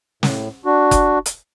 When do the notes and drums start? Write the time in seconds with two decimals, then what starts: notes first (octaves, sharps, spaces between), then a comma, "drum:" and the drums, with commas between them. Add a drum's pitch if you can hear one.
0.23 A2, drum: snare
0.65 D4 F#4
0.91 drum: kick F#1, hi-hat
1.26 drum: hi-hat